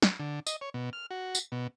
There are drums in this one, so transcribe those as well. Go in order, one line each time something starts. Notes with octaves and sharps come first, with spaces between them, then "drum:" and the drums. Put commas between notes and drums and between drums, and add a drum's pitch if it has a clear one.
drum: snare
D3
D#5, drum: tambourine
C#5
B2
F6
F#4
drum: tambourine
B2